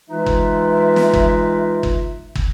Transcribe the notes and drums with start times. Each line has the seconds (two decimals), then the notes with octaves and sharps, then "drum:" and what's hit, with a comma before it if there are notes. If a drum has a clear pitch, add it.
0.09 E3 G#3 D#4 F4 B4 E5
0.27 drum: kick
0.96 drum: snare
1.14 drum: kick
1.83 drum: kick
2.36 drum: kick